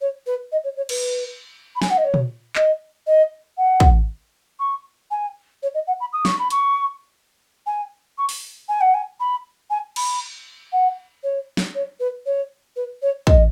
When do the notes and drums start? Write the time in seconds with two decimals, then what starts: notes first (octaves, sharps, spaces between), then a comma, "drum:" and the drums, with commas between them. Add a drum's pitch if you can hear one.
0.01 C#5
0.26 B4
0.52 D#5
0.64 C#5
0.76 C#5
0.89 B4, drum: cymbal
1.75 B5
1.82 G#5, drum: snare
1.90 F#5
1.97 D#5
2.04 C#5
2.14 drum: tom A#2
2.56 D#5, drum: clap
3.06 D#5
3.57 F#5
3.80 drum: kick
4.59 C#6
5.11 G#5
5.62 C#5
5.74 D#5
5.87 F#5
6.00 B5
6.12 D#6
6.25 C#6, drum: snare
6.39 B5
6.50 C#6, drum: hi-hat
7.66 G#5
8.18 C#6
8.29 drum: open hi-hat
8.68 G#5
8.80 F#5
8.94 G#5
9.20 B5
9.70 G#5
9.96 B5, drum: cymbal
10.72 F#5
11.23 C#5
11.57 drum: snare
11.74 C#5
11.99 B4
12.25 C#5
12.76 B4
13.02 C#5
13.27 D#5, drum: kick